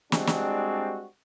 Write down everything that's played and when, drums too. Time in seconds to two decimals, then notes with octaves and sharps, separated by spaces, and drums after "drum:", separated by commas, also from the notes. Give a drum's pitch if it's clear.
0.12 G3 G#3 C4 D4 F#4, drum: snare
0.27 drum: snare